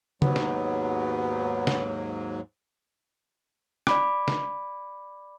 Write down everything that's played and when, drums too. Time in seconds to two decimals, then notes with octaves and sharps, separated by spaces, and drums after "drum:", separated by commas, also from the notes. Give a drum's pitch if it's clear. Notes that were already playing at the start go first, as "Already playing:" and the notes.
0.22 D#2 G#2 F#3 B3, drum: tom C#3
0.36 drum: snare
1.67 drum: snare
3.87 D5 B5 D6, drum: rim click
4.28 drum: snare